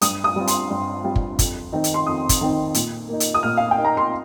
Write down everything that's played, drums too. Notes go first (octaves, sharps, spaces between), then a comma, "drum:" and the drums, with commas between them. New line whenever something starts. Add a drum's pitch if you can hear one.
G2 D#6, drum: hi-hat
D#6
G3 C4 F4
C6, drum: hi-hat
G2
G3 C4 F4
drum: kick
F2, drum: kick, hi-hat
D#3 C4 D#4
drum: hi-hat
C6
F2 D#6
drum: kick, hi-hat
D#3 C4 D#4
A#2, drum: hi-hat
A#3 D#4
drum: hi-hat
D#6
A#2 F6
F5
G5
A#3 D#4
A#5
C6